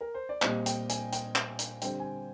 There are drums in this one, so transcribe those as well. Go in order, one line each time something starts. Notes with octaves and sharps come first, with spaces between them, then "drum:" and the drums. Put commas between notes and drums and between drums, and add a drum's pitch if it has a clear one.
A#4
C5
D5
A#2 G3 C4 D#5, drum: clap
G5, drum: hi-hat
G#5, drum: hi-hat
G5, drum: hi-hat
drum: clap
drum: hi-hat
D3 G3 C4 G5, drum: hi-hat
G#5